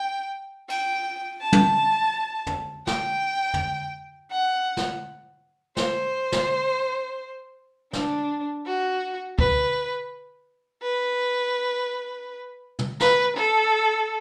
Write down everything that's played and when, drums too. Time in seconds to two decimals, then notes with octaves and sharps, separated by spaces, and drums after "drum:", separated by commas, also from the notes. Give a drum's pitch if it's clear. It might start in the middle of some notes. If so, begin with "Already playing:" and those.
Already playing: G5
0.70 G5, drum: cymbal
1.42 A5
1.53 drum: tom
2.47 drum: tom
2.87 G5, drum: snare
3.54 drum: tom
4.32 F#5
4.77 drum: snare
5.77 C5, drum: snare
6.32 drum: snare
7.93 D4, drum: snare
8.66 F#4
9.39 B4, drum: kick
10.83 B4
12.79 drum: tom
13.00 B4, drum: snare
13.37 A4